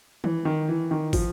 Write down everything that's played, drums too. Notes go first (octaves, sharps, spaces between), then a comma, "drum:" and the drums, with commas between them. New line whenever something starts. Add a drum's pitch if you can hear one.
E3, drum: tom
D#3
E3
D#3
F3, drum: kick, open hi-hat